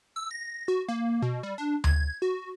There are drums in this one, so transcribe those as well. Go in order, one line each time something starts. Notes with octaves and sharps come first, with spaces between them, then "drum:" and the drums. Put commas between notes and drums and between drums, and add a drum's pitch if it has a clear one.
E6
A#6
F#4
A#3
B2
G3
D4
G#6, drum: tom D2
F#4